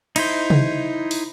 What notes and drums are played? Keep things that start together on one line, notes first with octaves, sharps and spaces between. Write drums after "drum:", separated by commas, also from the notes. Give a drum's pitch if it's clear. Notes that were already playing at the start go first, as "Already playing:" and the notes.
D#4 E4 C5, drum: cymbal
drum: tom C3
drum: open hi-hat